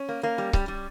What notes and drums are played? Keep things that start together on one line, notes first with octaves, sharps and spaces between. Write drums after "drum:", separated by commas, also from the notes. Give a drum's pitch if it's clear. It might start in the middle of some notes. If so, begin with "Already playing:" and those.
Already playing: C#4
A#3
A#3
G3
G3, drum: kick C#1
G3